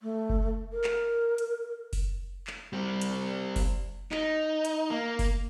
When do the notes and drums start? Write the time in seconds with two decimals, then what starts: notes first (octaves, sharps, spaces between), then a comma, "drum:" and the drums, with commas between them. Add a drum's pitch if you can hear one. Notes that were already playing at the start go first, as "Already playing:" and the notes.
0.02 A3
0.30 drum: kick F#1
0.73 A#4
0.84 drum: clap
1.38 drum: hi-hat
1.93 drum: kick F#1, open hi-hat
2.47 drum: clap
2.73 G3 C4
3.01 drum: hi-hat
3.56 drum: kick F#1, open hi-hat
4.11 D#4, drum: clap
4.65 drum: hi-hat
4.90 A#3
5.19 drum: kick F#1, open hi-hat